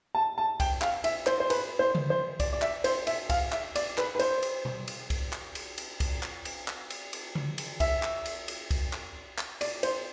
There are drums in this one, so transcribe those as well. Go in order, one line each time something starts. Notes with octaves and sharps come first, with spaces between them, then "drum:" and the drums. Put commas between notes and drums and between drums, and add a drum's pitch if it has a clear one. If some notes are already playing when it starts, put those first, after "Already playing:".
A5
A5
G5, drum: kick, cymbal
F5, drum: clap
E5, drum: cymbal
C5, drum: clap
C5
B4, drum: cymbal
C5
drum: tom C#3
C5
D5, drum: kick, cymbal
D5
E5, drum: clap
C5, drum: cymbal
E5, drum: cymbal
F5, drum: kick, cymbal
E5, drum: clap
D5, drum: cymbal
B4, drum: clap
B4
C5, drum: cymbal
drum: cymbal
drum: tom B2
drum: cymbal
drum: kick, cymbal
drum: clap
drum: cymbal
drum: cymbal
drum: kick, cymbal
drum: clap
drum: cymbal
drum: clap
drum: cymbal
drum: cymbal
drum: tom C#3
drum: cymbal
E5, drum: kick, cymbal
drum: clap
drum: cymbal
drum: cymbal
drum: kick, cymbal
drum: clap
drum: clap
D5, drum: cymbal
C5, drum: cymbal